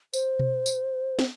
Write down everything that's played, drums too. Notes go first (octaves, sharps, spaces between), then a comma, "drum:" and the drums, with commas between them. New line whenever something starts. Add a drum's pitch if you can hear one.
C5, drum: tambourine
drum: tom B2
drum: tambourine
drum: snare